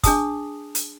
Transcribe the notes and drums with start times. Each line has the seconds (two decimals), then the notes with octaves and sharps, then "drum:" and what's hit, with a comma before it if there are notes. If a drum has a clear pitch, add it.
0.04 D4 G#4 A5 D#6, drum: kick, hi-hat
0.75 drum: hi-hat